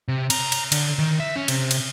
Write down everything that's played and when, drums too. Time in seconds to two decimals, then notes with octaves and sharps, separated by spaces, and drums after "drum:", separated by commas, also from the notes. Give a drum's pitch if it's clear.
0.08 C3
0.30 A#5, drum: cymbal
0.52 drum: cymbal
0.72 D3, drum: cymbal
0.99 D#3
1.20 E5
1.36 C#4
1.48 C3, drum: cymbal
1.71 drum: cymbal